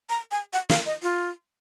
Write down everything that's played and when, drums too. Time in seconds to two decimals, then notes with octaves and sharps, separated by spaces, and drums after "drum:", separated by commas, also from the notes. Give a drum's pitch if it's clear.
0.09 A#5
0.31 G#5
0.53 F#5
0.69 F5, drum: snare
0.86 D#5
1.03 F4